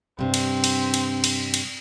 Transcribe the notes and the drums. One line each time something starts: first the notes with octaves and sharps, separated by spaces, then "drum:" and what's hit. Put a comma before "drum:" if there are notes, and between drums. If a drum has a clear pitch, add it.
G2 C3 C4
drum: cymbal
drum: cymbal
drum: cymbal
drum: cymbal
drum: cymbal